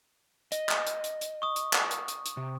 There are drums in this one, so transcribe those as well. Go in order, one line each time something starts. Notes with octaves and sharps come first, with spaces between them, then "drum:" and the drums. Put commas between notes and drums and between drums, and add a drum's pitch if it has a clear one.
D#5, drum: hi-hat
drum: clap
drum: hi-hat
drum: hi-hat
drum: hi-hat
C#6 D#6
drum: hi-hat
drum: clap
drum: hi-hat
drum: hi-hat
drum: hi-hat
C3